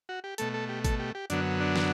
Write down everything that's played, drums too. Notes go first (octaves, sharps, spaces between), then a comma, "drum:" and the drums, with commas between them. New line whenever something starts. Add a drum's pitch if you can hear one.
F#4
G4
B2 A3 A4, drum: hi-hat
A4
G4
A4, drum: kick G#1, hi-hat
G4
G4
F#2 D3 F#3 B3 D4, drum: hi-hat
D4
drum: snare